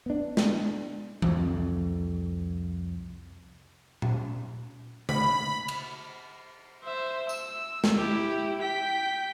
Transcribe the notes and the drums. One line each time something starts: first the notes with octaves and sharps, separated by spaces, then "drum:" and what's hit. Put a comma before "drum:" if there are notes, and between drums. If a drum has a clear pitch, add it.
B3 D4
drum: snare
C2 F2, drum: tom E3
drum: tom A#2
B5, drum: tom C#3
drum: cymbal
C5 E5
E6, drum: tambourine
drum: snare
E4 G4
G5 B6